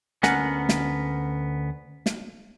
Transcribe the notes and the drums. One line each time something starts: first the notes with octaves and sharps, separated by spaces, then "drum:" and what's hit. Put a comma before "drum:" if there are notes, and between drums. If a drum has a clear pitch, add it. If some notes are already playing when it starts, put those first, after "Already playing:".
D2 B3 C#4 A#4 F#5, drum: snare
drum: snare
drum: snare